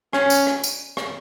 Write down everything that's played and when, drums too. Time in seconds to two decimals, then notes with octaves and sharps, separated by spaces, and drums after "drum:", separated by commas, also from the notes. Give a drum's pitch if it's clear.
0.13 C#4, drum: rim click
0.30 drum: tambourine
0.47 drum: rim click
0.64 drum: tambourine
0.97 drum: rim click